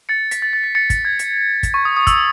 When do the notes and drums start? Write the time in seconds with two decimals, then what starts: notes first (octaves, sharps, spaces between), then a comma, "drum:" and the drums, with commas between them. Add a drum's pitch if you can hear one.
0.09 A6 C#7
0.31 B6, drum: hi-hat
0.42 A6
0.53 A6
0.64 B6
0.75 A6 C#7
0.90 A6, drum: kick, hi-hat
1.05 G#6
1.19 drum: hi-hat
1.63 drum: kick, hi-hat
1.74 C#6
1.85 D#6
1.97 D#6
2.07 E6, drum: kick, hi-hat